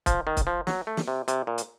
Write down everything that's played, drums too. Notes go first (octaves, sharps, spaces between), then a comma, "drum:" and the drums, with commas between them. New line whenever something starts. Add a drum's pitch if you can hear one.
F3, drum: kick, hi-hat
D#3
drum: kick, hi-hat
F3
F#3, drum: snare
A3
drum: snare
C3
C3, drum: hi-hat
A#2
drum: hi-hat